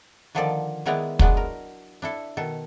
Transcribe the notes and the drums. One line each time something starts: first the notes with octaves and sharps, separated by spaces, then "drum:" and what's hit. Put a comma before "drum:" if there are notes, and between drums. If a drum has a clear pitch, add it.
D3 D#3 F3 A#3 A4 D5
D#3 G#3 B3 E4 D5 A#5
F#3 G#3 B3 D4, drum: kick
A#4
D4 E4 A4
B2 D#3 A4